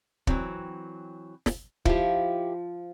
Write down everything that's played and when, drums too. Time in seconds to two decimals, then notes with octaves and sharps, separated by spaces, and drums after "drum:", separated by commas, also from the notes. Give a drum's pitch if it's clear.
0.27 E3 F#3 C4, drum: kick
1.46 drum: snare
1.85 F3 E4 G4, drum: kick